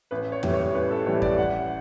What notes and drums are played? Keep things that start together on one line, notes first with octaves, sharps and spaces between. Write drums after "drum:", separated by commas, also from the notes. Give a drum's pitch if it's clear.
A1 B4
C#5
A2 E3 G3, drum: tom
C#5
A1 B4
A4
A2 E3 G3 C#5
D5, drum: kick F2
A1 F#5